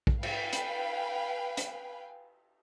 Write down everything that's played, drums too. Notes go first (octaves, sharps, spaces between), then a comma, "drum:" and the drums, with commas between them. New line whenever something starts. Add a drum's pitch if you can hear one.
drum: kick
B4 F5 G5 G#5 B5, drum: cymbal
drum: hi-hat
drum: hi-hat